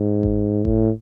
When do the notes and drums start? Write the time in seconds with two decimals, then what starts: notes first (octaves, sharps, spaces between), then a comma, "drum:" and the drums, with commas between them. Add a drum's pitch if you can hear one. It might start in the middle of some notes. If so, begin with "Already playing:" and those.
Already playing: G#2
0.23 drum: kick G1
0.65 A2, drum: kick G1